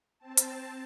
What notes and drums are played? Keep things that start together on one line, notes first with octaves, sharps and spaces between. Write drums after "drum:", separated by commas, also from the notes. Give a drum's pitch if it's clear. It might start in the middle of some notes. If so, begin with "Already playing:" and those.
C4 A5
drum: hi-hat